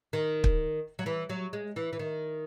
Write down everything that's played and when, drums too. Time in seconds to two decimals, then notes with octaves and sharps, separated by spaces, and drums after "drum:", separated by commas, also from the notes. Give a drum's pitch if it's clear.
0.13 D#3
0.44 drum: kick
0.99 F#3
1.06 E3
1.29 F#3
1.53 G#3
1.76 E3
1.93 E3
1.99 D#3